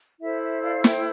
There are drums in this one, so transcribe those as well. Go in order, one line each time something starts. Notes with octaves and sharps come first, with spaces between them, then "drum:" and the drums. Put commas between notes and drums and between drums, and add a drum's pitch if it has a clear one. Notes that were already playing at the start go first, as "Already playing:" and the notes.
E4 A4 C5 E5
E5
D5 F5
E5 G5, drum: snare